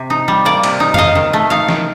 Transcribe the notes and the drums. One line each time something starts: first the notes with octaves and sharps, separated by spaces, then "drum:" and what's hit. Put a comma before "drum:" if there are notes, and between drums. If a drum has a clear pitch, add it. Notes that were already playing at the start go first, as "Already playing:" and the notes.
Already playing: C3
D#4
G3
A#3 D5
C3, drum: cymbal
D#4
D#3 D#5 F5, drum: tom F2
D#3
A3
D#4 F5
D#3, drum: snare